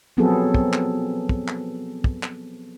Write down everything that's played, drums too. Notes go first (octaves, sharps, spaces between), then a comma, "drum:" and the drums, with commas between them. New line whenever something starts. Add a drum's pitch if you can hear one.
F3 F#3 B3 C4 G#4 A4
drum: kick
drum: clap
drum: kick
drum: clap
drum: kick
drum: clap